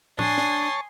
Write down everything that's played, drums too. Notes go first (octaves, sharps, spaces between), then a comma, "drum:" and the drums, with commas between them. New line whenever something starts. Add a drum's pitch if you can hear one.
D4 C#5 G#5 A5 C6 D#6, drum: tom A2
drum: snare